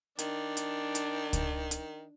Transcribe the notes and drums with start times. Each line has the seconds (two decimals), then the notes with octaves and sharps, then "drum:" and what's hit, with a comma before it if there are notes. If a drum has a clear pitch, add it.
0.19 D#3 D4, drum: hi-hat
0.57 drum: hi-hat
0.95 drum: hi-hat
1.33 drum: kick C#2, hi-hat
1.71 drum: hi-hat